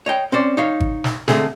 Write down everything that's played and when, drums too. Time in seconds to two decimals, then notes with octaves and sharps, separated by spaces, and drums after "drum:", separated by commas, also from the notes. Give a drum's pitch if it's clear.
0.06 C#5 D#5 G5
0.32 C4 C#4 C5 D5
0.57 D#4 C#5 F5
0.80 drum: kick G#1
1.04 drum: snare
1.28 D3 G#3 A3 C4 G#4, drum: snare